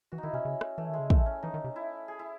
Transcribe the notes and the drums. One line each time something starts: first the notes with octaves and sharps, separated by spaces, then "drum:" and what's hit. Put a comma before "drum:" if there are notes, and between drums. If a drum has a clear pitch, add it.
E3 F#4
D#4
D#3 E4
C3 C#4
C#3
drum: rim click
E3 A3
D#3 G#3
C#3
D#3 A3, drum: kick
C#4
E3 D#4
D#3
C3
E4
G#4
E4